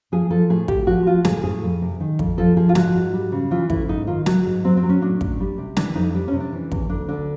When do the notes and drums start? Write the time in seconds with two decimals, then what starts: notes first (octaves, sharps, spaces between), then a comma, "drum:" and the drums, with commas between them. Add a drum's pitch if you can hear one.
0.12 F3 G#4
0.30 F3 A4
0.50 A2 G#4
0.68 A2 G4, drum: kick
0.87 F3 F#4
1.06 F3 F4
1.25 A2 G#4, drum: snare
1.44 A2 G#4
1.63 F2
1.82 C3
2.00 D#3
2.19 F2, drum: kick
2.38 F3 A4
2.57 F3 G#4
2.69 F4
2.75 G#2 F#4, drum: snare
2.95 G#2
3.14 G3
3.32 C#3
3.51 E3 F4
3.70 D2 E4, drum: kick
3.89 G#2 D#4
4.07 D#3 F4
4.26 F#3 F#4, drum: snare
4.46 G#2
4.64 F#3 C4
4.77 C4
4.83 F#3
4.89 C#4
5.01 A2 D4
5.21 A2, drum: kick
5.40 G3
5.58 C3
5.77 E3 D4, drum: snare
5.96 F2 D#4
6.14 G3 D4
6.28 C#4
6.33 C3
6.40 D4
6.52 E3
6.72 E2, drum: kick
6.90 D2 D4
7.09 D3 D4